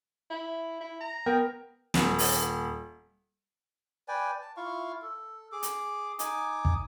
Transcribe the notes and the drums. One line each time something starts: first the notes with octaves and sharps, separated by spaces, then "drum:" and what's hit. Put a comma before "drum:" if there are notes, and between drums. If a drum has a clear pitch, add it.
E4
E4
A#5
B3 A#4 G5
D#1, drum: snare
drum: open hi-hat
B4 D5 G5 G#5
A5
E4 F4 F5 C#6
A4
G#4 D6
drum: hi-hat
D#4 G#5 D6 D#6, drum: hi-hat
drum: kick